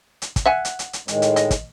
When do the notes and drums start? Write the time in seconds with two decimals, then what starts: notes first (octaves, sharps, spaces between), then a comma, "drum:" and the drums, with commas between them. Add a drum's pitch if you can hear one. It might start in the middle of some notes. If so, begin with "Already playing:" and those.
0.22 drum: hi-hat
0.36 drum: kick, hi-hat
0.46 E5 F#5 G#5
0.65 drum: hi-hat
0.79 drum: hi-hat
0.93 drum: hi-hat
1.08 A2 D#3 G#3, drum: hi-hat
1.22 drum: hi-hat
1.36 D#5, drum: hi-hat
1.51 drum: kick, hi-hat